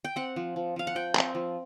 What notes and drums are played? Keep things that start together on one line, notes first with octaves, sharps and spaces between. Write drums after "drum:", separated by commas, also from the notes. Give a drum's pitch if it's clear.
G5
C4 F#5
F3
F3
F3 F5
F#5
F3 G5
C4, drum: clap
F3